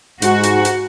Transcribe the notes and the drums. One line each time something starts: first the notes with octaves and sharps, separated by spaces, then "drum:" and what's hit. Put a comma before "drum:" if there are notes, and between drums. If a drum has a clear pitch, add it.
G#2 F#4, drum: hi-hat
drum: hi-hat
drum: hi-hat